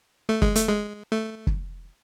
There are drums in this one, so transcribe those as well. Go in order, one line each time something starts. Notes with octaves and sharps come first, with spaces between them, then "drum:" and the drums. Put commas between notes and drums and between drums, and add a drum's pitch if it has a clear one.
A3
G#3, drum: kick
A3, drum: hi-hat
G#3
A3
drum: kick